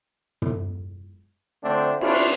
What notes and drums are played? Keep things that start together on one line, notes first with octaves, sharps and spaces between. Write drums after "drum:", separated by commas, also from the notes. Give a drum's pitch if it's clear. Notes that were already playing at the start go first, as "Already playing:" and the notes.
drum: tom
D3 F3 A3 C4 D4
C#4 D4 E4 F4, drum: cymbal